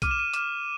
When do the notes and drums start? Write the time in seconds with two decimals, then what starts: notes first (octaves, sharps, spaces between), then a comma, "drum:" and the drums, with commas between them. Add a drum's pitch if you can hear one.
0.02 D6 F6 D#7, drum: kick B1, hi-hat
0.11 E7
0.19 D#7
0.34 D6 F6 E7, drum: hi-hat